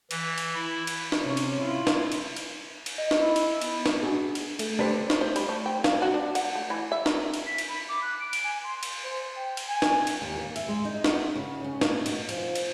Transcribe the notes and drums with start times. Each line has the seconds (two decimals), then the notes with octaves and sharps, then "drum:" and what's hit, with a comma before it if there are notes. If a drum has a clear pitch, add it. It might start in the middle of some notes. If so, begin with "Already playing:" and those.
0.11 E3, drum: cymbal
0.38 drum: cymbal
0.55 E4
0.87 drum: cymbal
1.12 drum: snare
1.22 C3 C#4
1.37 drum: cymbal
1.59 E4 F4
1.87 drum: snare
2.12 drum: cymbal
2.36 drum: cymbal
2.86 drum: cymbal
2.98 D#5
3.11 drum: snare
3.21 E4
3.36 drum: cymbal
3.62 B3, drum: cymbal
3.86 drum: snare
4.02 D4 F#4 G#4
4.35 drum: cymbal
4.59 A3, drum: cymbal
4.79 D4 G4 B4 C5 D5
5.10 drum: snare
5.21 C5
5.36 G3, drum: cymbal
5.49 A3
5.66 C4
5.84 F5, drum: snare
6.02 F#4
6.14 D4
6.35 F#5, drum: cymbal
6.55 A3
6.70 E3
6.92 E5
7.06 A#4, drum: snare
7.34 drum: cymbal
7.47 B6
7.58 drum: cymbal
7.69 B5
7.89 D6
8.02 F#6
8.20 D7
8.33 drum: cymbal
8.44 G#5
8.64 C6
8.83 drum: cymbal
9.04 C5
9.36 G5
9.57 drum: cymbal
9.69 G#5
9.82 drum: snare
10.07 drum: cymbal
10.22 D#2
10.36 A#3
10.56 E5, drum: cymbal
10.68 G#3
10.85 D#4
11.04 F#5, drum: snare
11.36 C#3
11.64 C#4
11.81 A#3, drum: snare
12.06 B2, drum: cymbal
12.29 F3, drum: cymbal
12.55 drum: cymbal